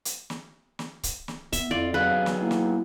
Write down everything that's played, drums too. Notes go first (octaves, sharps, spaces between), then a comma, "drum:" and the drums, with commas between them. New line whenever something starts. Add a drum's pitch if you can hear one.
drum: hi-hat
drum: snare
drum: snare
drum: kick C#1, hi-hat
drum: snare
B3 E5, drum: kick C#1, hi-hat
F2 E4 F4 D5
F#3 B3 G#4 B4 F5
drum: snare
A#3 E4
drum: snare